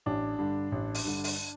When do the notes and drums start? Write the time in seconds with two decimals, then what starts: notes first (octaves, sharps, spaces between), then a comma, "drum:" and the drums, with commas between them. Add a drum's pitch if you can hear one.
0.06 A1 D4
0.39 G2 D3
0.72 A1
0.95 drum: open hi-hat
1.05 G2 D3
1.24 drum: open hi-hat